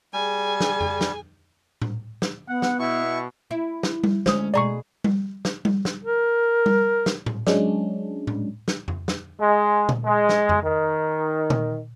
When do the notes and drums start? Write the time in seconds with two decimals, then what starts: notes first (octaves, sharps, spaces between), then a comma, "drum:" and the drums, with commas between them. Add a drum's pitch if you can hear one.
0.13 G3 G#4 G#5
0.60 drum: snare
0.81 drum: tom F2
1.01 drum: snare
1.82 drum: tom A2
2.22 drum: snare
2.49 B3 F#5
2.62 drum: snare
2.79 B2 E4 C#6
3.51 E4
3.83 drum: snare
4.04 drum: tom G3
4.26 D2 G#3 C#4 C5 D#6, drum: snare
4.54 B2 G#4 D5 A#5 C#6
5.04 drum: tom G3
5.45 drum: snare
5.65 drum: tom G3
5.85 drum: snare
6.04 A#4
6.66 drum: tom G3
7.06 drum: snare
7.26 drum: tom A2
7.47 F#3 G#3 C#4 D4, drum: snare
8.27 drum: tom A2
8.68 drum: snare
8.88 drum: tom F2
9.08 drum: snare
9.41 G#3
9.89 drum: tom A#2
10.05 G#3
10.29 drum: snare
10.49 drum: tom F2
10.62 D#3
11.50 drum: tom A#2